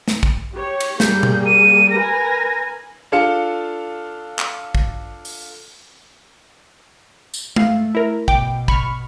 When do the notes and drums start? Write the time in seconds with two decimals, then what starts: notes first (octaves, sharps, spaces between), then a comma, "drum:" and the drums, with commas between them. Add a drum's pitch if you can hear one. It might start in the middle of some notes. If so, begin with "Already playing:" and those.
0.08 drum: snare
0.23 drum: kick
0.55 G4 C#5
0.80 drum: cymbal
1.00 G3 A#3 G#4 G6, drum: snare
1.23 drum: tom B2
1.46 D#7
1.91 A#4 B4 G#5 A#6
3.12 D4 F4 A4 F5 C#7
4.39 drum: clap
4.75 drum: kick
5.25 drum: open hi-hat
7.34 drum: tambourine
7.56 A3 F5, drum: tom G#3
7.95 E4 A#4
8.28 B2 G5 D6, drum: kick
8.68 B5 C#6 F6, drum: kick